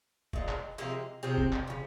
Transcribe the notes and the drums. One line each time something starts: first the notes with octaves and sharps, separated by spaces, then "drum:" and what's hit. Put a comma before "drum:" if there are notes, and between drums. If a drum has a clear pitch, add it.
A#2 G#3, drum: kick
drum: clap
C3 F3 G#3 A#3
C3 F3 G#3 C4
drum: kick
drum: clap
C#3 F3